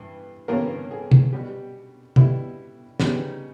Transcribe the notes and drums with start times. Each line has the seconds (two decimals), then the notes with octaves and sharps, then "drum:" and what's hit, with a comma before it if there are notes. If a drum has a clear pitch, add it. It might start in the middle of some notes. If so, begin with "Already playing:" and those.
Already playing: G2 E3
0.48 G2 E3 A#3 C#4 A#4
0.91 G#4
1.11 drum: tom
1.33 B2 G3 B3 G4
2.16 B2 G3 B3 E4, drum: tom
3.00 C#3 G3 B3 D#4, drum: snare